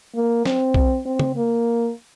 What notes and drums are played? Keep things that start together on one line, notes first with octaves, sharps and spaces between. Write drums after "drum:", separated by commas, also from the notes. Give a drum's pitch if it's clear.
A#3
C4, drum: snare
drum: kick B1
C4
drum: tom C#3
A#3